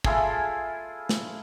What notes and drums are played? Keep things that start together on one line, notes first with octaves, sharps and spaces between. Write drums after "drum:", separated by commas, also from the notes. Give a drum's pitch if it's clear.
E4 F4 G#4 A4, drum: kick
drum: snare